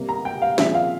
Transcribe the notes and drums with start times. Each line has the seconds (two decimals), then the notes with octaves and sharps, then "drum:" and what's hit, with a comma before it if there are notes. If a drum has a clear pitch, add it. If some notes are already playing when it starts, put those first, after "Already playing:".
Already playing: C3 G3 A#3
0.09 A#5
0.25 G5
0.42 F5
0.58 A#2 F3 G#3 C4 E5, drum: snare
0.75 F5